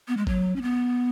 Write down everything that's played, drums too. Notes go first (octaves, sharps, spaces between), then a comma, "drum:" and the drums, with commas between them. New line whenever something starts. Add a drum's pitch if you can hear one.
B3
G#3
F#3, drum: kick G#1
C#4
B3